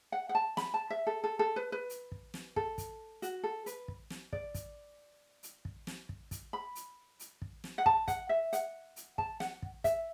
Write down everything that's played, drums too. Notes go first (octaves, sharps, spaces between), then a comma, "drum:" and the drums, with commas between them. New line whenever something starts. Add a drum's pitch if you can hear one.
F#5
F#5
A5
B5, drum: snare
A5
E5
A4
A4
A4
B4
B4
drum: hi-hat
drum: kick
drum: snare
A4, drum: kick
drum: kick, hi-hat
F#4, drum: hi-hat
A4
B4, drum: hi-hat
drum: kick
drum: snare
D5, drum: kick
drum: kick, hi-hat
drum: hi-hat
drum: kick
drum: snare
drum: kick
drum: kick, hi-hat
B5
drum: hi-hat
drum: hi-hat
drum: kick
drum: snare
F#5
A5, drum: kick
F#5, drum: kick, hi-hat
E5
F#5, drum: hi-hat
drum: hi-hat
A5, drum: kick
F#5, drum: snare
drum: kick
E5, drum: kick, hi-hat